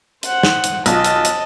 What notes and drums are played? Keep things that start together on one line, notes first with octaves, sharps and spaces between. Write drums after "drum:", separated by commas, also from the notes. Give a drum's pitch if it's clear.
C5 F#5, drum: hi-hat
drum: snare
drum: hi-hat
B1 F4 D#5 A5, drum: hi-hat
drum: hi-hat
drum: hi-hat